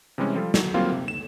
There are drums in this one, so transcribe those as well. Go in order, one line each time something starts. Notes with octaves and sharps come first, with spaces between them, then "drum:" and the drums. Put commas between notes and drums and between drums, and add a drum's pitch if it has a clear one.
C3 E3 G3 G#3 C#4
F3 G3 F4 A4
F#3, drum: snare
F#3 G3 A#3 C4 F4 F5
C3
E7